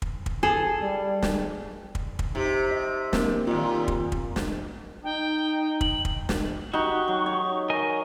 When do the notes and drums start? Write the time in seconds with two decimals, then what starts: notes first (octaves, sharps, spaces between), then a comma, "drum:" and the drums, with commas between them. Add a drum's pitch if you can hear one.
0.02 drum: kick
0.26 drum: kick
0.43 G#4 A4
0.82 G3
1.22 drum: snare
1.95 drum: kick
2.19 drum: kick
2.35 C3 D#4 G4
2.71 D#5
3.13 A#3 C4, drum: snare
3.47 D#2 A#2 F4
3.88 drum: kick
4.12 drum: kick
4.36 drum: snare
5.04 D#4 G5
5.81 F#7, drum: kick
6.05 drum: kick
6.29 drum: snare
6.73 D#4 F#4 G4 F#5 C#6
7.08 F#3
7.26 C#5
7.70 A#4 D#5 G#5